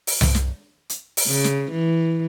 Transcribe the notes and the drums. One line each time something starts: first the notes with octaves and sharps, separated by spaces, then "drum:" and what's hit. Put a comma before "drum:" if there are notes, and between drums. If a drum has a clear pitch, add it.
drum: open hi-hat
drum: tom C2
drum: snare
drum: hi-hat
drum: open hi-hat
C#3
drum: snare
E3